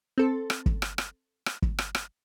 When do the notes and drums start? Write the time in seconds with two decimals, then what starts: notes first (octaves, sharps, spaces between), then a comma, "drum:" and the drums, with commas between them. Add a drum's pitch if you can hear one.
0.18 C4 A4
0.50 drum: rim click
0.66 drum: kick
0.82 drum: rim click
0.98 drum: rim click
1.46 drum: rim click
1.62 drum: kick
1.78 drum: rim click
1.95 drum: rim click